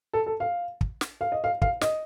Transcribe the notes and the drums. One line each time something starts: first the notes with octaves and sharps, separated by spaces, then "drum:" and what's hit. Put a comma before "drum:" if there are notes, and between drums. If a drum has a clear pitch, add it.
A4
A4
F5
drum: kick
drum: snare
F5
D#5
F5
F5, drum: kick
D#5, drum: snare